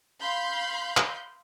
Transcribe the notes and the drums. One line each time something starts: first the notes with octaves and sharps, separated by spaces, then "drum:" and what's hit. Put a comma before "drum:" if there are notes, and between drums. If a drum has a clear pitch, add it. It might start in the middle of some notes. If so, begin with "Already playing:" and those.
F5 B5 C6 G6
drum: clap